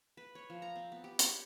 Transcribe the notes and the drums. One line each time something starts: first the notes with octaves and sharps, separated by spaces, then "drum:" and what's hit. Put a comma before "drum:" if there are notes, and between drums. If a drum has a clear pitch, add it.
B4
C#5
F3
A#5
C4
B3
G4
C#5, drum: hi-hat